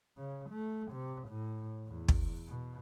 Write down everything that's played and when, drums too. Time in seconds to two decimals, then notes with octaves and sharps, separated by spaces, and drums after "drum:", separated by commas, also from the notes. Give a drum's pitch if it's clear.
0.17 C#3
0.50 A3
0.92 C3
1.29 A2
1.88 E2
2.08 drum: kick
2.48 B2